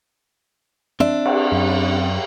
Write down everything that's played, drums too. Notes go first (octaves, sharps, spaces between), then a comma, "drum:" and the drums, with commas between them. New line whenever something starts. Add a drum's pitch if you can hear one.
C4 D4 E5
drum: cymbal
F#2